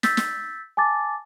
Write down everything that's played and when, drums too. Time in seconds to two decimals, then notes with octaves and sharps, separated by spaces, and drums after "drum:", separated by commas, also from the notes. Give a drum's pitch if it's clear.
0.03 E6 G6 A6 B6, drum: snare
0.17 drum: snare
0.77 G#5 A5 D6 A6